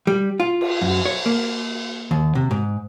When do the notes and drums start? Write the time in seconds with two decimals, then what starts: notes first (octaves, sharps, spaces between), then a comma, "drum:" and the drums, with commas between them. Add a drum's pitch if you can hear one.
0.07 G3
0.40 F4
0.61 drum: cymbal
0.82 F#2
1.05 C#5
1.26 A#3
2.11 D#2
2.35 C3
2.51 G#2